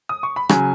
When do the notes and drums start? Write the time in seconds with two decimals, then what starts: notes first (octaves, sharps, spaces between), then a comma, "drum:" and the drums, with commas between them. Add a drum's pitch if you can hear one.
0.09 D#6
0.23 C#6
0.36 B5
0.49 C#3 F#3 G#5, drum: rim click